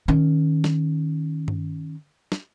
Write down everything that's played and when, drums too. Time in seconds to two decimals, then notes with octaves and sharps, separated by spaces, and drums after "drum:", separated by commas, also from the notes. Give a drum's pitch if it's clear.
0.08 D#3 C#4
0.64 drum: snare
1.48 drum: tom G2
2.32 drum: snare